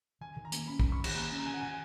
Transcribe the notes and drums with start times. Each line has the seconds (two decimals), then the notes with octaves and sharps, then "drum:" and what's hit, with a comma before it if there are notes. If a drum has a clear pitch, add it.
0.21 D#3 G#5
0.36 D#3
0.45 A#5
0.52 A#3, drum: hi-hat
0.67 C#4 B5
0.79 D#3 B5, drum: kick
0.92 C#6
0.99 D#3
1.04 B5, drum: cymbal
1.15 A#3 A#5
1.31 C#4
1.39 A#5
1.46 D#3 G#5
1.54 F#5
1.61 D#3 G#5